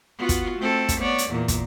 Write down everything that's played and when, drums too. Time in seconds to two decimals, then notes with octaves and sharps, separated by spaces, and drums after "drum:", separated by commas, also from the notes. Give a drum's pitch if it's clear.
0.18 B3 F4 F#4
0.29 drum: kick, hi-hat
0.59 A3 C4 A4
0.89 drum: kick, hi-hat
0.99 B3 C#5 D5
1.18 drum: hi-hat
1.30 E2 A#2 A#3
1.48 drum: kick, hi-hat